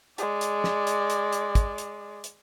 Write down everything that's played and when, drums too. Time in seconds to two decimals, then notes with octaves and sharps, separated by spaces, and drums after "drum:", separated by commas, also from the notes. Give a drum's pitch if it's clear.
0.18 G#3 D5, drum: hi-hat
0.41 drum: hi-hat
0.64 drum: snare
0.87 drum: hi-hat
1.10 drum: hi-hat
1.33 drum: hi-hat
1.55 drum: kick, hi-hat
1.78 drum: hi-hat
2.24 drum: hi-hat